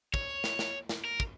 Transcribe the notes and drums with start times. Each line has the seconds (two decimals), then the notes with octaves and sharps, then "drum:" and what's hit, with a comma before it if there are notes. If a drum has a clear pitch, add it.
0.14 C#5, drum: kick
0.44 drum: snare
0.59 drum: snare
0.89 drum: snare
1.05 A#4
1.20 drum: kick